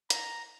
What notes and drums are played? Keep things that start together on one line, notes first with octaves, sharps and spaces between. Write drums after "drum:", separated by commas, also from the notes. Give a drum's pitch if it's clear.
A#5, drum: hi-hat